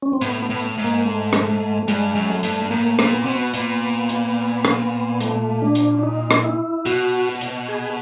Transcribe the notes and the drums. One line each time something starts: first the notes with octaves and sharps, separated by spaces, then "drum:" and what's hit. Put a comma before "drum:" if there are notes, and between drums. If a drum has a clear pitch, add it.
C#4
C4
A2 B3, drum: hi-hat
B3
A2
G#2
A#3
A3
drum: rim click
A3
G2 G#3, drum: hi-hat
F#2
A3
G2, drum: hi-hat
A3
A2 A#3
A#2, drum: rim click
B3
B2 C4
B3
A#2, drum: hi-hat
drum: hi-hat
drum: rim click
A3, drum: hi-hat
D4
drum: hi-hat
D4
D#4
drum: rim click
E4
B2 F#4, drum: hi-hat
drum: hi-hat
G#4